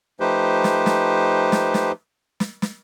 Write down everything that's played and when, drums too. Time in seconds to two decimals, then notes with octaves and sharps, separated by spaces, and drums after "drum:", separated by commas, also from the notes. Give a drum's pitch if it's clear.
0.20 F3 A3 D#4 G4 B4 C5
0.64 drum: snare
0.86 drum: snare
1.52 drum: snare
1.74 drum: snare
2.40 drum: snare
2.62 drum: snare